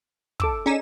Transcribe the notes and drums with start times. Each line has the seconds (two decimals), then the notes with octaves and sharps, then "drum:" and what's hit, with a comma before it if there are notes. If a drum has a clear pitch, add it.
0.40 A4 D6 E6, drum: kick
0.66 C#4 D#4 G#4 D5 G#5 E7